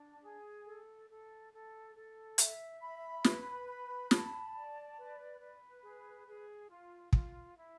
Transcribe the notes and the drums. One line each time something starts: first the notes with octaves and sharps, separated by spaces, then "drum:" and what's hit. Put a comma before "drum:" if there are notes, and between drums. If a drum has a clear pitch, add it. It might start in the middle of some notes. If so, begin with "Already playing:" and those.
Already playing: D4
G#4
A4
A4
A4
A4
E5, drum: hi-hat
B5
B4, drum: snare
B5
A5, drum: snare
D5
B4
B4
G#4
G#4
F4
F4, drum: kick
E4